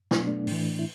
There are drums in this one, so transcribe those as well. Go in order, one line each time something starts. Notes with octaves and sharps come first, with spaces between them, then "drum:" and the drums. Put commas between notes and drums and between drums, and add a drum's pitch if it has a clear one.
B2 F#3 D4, drum: snare
B3
A3 D4
A2 E3, drum: open hi-hat
E4